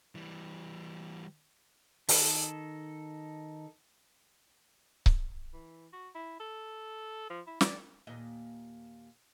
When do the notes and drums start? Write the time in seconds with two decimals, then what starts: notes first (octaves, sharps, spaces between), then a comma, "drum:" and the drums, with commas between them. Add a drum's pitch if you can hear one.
0.15 E3 G3
2.09 D#3 A4, drum: open hi-hat
5.06 drum: kick C#1
5.53 E3
5.93 F#4
6.15 E4
6.40 A4
7.30 F3
7.47 E4
7.61 D5, drum: snare
8.07 D#2 A#2 D#5